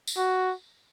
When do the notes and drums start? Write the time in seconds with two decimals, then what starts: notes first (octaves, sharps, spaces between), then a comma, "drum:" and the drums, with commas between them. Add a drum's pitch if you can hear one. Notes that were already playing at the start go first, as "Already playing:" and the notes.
0.07 drum: tambourine
0.17 F#4